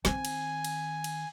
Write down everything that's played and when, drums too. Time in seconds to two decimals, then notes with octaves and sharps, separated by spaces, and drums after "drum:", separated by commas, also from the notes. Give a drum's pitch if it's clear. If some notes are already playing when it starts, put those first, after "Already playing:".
0.05 D#3 C4 G#5, drum: snare
0.25 drum: cymbal
0.64 drum: cymbal
1.04 drum: cymbal